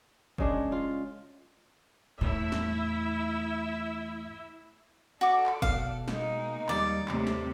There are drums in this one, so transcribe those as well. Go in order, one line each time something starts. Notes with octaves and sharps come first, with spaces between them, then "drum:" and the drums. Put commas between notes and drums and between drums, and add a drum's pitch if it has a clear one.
C#3 G#3 D4, drum: kick
F4
E2 A2 E4 E5
drum: snare
F#4 A4 D5 D6
drum: clap
B2 F5, drum: kick
G#3 A#3 D#4, drum: snare
D#2 G3 D5, drum: clap
D#2 A2 C3 C4, drum: clap
drum: snare